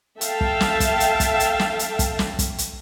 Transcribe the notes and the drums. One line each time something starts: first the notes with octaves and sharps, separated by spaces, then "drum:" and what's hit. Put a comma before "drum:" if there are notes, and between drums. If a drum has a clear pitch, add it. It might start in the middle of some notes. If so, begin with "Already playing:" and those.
A4 E5 F5 G5 A5, drum: hi-hat
drum: kick
drum: snare
drum: kick, hi-hat
drum: hi-hat
drum: kick, hi-hat
drum: hi-hat
drum: snare
drum: hi-hat
drum: kick, hi-hat
drum: snare
drum: kick, hi-hat
drum: hi-hat